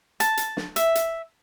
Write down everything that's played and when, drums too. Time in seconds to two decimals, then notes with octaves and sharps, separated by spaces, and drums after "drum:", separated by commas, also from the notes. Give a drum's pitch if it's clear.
0.20 A5, drum: hi-hat
0.37 drum: hi-hat
0.57 drum: snare
0.76 E5, drum: hi-hat
0.95 drum: hi-hat